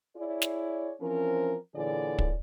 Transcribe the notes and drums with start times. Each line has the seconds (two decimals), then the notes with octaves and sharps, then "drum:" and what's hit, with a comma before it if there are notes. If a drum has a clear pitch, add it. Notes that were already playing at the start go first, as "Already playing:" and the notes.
0.16 E4 G#4 C#5 D5
0.42 drum: snare
1.00 E3 F3 C4 C#4 A#4
1.75 A#2 D3 E3 G#4 C#5 D5
2.19 drum: kick